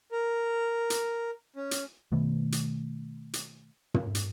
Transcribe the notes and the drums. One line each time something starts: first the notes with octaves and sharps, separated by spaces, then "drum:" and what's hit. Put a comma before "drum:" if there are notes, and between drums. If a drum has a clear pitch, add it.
A#4
drum: hi-hat
C#4
drum: hi-hat
B2 D#3 A3 B3
drum: hi-hat
drum: hi-hat
drum: tom
drum: hi-hat